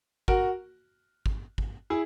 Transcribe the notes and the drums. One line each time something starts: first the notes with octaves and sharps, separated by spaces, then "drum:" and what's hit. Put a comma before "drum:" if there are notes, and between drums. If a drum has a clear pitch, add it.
F#4 A#4, drum: kick G#1
drum: kick G#1
drum: kick G#1
E4 G#4